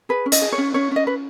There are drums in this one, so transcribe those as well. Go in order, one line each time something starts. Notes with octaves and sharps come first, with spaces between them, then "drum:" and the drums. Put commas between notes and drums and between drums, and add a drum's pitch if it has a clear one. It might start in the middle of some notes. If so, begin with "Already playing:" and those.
G#4 B4
C#4
D#5, drum: hi-hat
G#4
C#5
C#4
C#4 C#5
C#4 D#5
B4